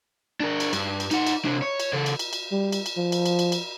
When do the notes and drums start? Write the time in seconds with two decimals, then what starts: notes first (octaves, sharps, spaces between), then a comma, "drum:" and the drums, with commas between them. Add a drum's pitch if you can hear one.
0.40 D4 A#4
0.60 drum: cymbal
0.73 G2, drum: cymbal
1.00 drum: cymbal
1.11 D#4 F#5, drum: cymbal
1.27 drum: cymbal
1.45 C3 D4
1.62 C#5
1.80 drum: cymbal
1.93 C#3 A4
2.06 drum: cymbal
2.19 drum: cymbal
2.33 drum: cymbal
2.52 G3
2.72 drum: cymbal
2.86 drum: cymbal
2.97 F3
3.12 drum: cymbal
3.26 drum: cymbal
3.39 drum: cymbal
3.52 drum: cymbal